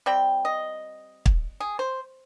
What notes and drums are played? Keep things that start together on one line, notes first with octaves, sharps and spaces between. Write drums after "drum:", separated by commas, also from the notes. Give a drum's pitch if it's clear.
G3 C4 G5
D#5
drum: kick
G#4
C5